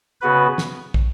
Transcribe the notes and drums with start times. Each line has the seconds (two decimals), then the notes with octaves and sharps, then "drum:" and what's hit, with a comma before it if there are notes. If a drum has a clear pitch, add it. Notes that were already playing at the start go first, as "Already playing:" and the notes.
0.21 C#3 B3 F#4 B4
0.58 drum: snare
0.94 drum: kick